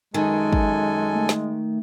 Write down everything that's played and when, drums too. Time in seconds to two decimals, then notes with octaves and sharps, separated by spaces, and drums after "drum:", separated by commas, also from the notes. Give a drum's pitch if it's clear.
0.14 F#2 D#3 G#3 A4 G#5
0.53 drum: kick
1.15 A3
1.29 drum: snare